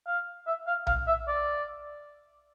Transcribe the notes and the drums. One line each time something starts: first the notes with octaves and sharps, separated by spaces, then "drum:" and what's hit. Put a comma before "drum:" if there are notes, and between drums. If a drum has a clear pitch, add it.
F5
E5
F5
F5, drum: tom B1
E5
D5